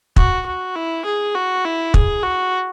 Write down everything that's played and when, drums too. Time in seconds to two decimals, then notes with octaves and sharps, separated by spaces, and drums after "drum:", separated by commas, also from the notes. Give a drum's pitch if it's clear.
0.16 F#4, drum: kick
0.46 F#4
0.76 E4
1.05 G#4
1.35 F#4
1.65 E4
1.94 G#4, drum: kick
2.23 F#4